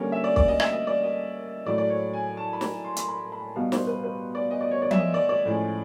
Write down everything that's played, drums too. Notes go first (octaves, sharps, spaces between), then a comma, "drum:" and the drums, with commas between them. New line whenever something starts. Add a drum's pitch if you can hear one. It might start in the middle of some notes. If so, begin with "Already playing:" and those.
Already playing: D3 G3 A#3 C#4
E5
D5
D5, drum: kick
D#5
E5, drum: rim click
D#5
D5
D#5
A2 F#3 A3 D5
D5
C#5
G#5
A5
B5
A#5, drum: snare
C6
C6, drum: hi-hat
B5
B5
B2 G3 B3 D#4 F5
C5, drum: snare
B4
B4
D5
D#5
D5
C#5
D5
E5, drum: tom F3
D#5
D5
D5
A2 F3 G#3 C#4